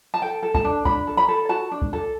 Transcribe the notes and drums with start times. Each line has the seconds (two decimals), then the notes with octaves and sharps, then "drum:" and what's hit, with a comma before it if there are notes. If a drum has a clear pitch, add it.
0.14 A5
0.22 A4 G5
0.43 A4
0.54 A5, drum: kick C2
0.65 D4
0.85 D4 B5, drum: kick C2
1.07 A4
1.17 B5
1.28 A4
1.49 F#4 A5
1.72 D4
1.82 drum: kick C2
1.93 A4